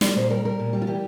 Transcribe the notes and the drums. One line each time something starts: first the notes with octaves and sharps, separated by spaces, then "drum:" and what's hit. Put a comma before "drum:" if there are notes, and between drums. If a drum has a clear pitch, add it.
G3 D5, drum: snare
A#2 C5
G3 A#4
G3 A#4
A#2
G3
F4
E3 G4